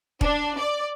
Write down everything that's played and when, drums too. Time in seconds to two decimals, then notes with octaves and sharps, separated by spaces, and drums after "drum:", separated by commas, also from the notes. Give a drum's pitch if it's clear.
0.21 D4, drum: kick
0.57 D5